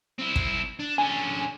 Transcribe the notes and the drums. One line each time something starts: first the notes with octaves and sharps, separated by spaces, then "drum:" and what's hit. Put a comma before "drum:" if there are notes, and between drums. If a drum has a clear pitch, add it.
C4 E4
drum: kick
D4
D3 C#4 G#5